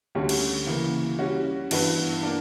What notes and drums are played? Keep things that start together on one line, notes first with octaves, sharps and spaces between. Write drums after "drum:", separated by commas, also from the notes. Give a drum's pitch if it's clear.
D2 D3 G3 C#4 F#4
drum: cymbal
C#3 E3 A#3
G3 C#4 F#4
G2 E3 B3 F#4 B4, drum: cymbal
A#3 D4